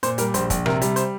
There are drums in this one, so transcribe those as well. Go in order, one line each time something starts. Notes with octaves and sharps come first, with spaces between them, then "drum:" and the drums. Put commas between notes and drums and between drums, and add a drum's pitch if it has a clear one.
A#2 C5, drum: hi-hat
G3 A#4, drum: hi-hat
A#1 C5, drum: hi-hat
A#1, drum: kick, hi-hat
C3 A#4, drum: rim click
G3, drum: hi-hat
C5, drum: hi-hat